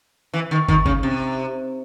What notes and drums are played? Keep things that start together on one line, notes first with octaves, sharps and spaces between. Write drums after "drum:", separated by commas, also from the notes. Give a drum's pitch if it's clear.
E3
D#3
D#3, drum: kick
C#3, drum: kick
C3